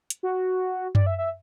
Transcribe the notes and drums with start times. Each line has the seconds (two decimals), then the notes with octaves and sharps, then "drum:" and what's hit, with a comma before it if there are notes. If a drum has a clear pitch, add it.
0.10 drum: hi-hat
0.23 F#4
0.95 D5, drum: tom F#2
1.06 E5
1.18 E5